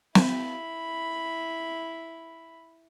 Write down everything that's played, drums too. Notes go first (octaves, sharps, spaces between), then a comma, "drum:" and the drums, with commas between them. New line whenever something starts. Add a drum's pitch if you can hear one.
E4 B5, drum: snare